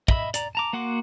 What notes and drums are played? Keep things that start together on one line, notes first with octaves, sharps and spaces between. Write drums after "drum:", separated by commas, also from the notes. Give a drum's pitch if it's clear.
D#5 E5 B5 E6, drum: kick
D5 A#5, drum: hi-hat
A5 A#5 D6
A#3 F#4 F#5 C6 D6